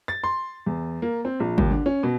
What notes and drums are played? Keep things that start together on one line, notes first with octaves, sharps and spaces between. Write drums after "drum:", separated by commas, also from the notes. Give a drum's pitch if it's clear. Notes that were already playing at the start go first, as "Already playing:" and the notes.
A6
C6
E2
A#3
C4
A#1
D#2, drum: kick G#1
D3
C#4
B2